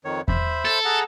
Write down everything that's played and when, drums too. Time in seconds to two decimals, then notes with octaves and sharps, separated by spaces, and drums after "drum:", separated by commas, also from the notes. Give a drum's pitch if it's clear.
0.05 F2 D#3 C#5
0.28 C5 E5 B5, drum: kick E2
0.65 A4
0.85 G#4 F#5 A#5